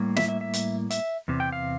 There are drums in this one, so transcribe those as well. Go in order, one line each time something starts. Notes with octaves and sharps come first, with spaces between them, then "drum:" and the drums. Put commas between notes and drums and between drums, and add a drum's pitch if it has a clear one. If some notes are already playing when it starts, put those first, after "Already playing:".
Already playing: A2 G3 A#3
E5, drum: snare
E5
E5
drum: hi-hat
E5, drum: hi-hat
E2 C3
G5
F5